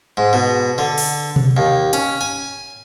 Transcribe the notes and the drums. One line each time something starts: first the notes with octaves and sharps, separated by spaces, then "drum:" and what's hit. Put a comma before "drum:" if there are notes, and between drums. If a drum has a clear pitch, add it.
G#2
B2
D3
drum: open hi-hat
drum: tom B2
D#2
C#4, drum: hi-hat
G#5